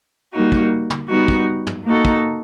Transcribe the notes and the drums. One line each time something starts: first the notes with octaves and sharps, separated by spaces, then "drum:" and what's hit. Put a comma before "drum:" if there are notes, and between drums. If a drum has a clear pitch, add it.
G3 A#3 D#4 F#4
drum: kick
drum: tom
G3 B3 D#4 F#4
drum: kick
drum: tom
A#3 D#4 F#4 A4
drum: kick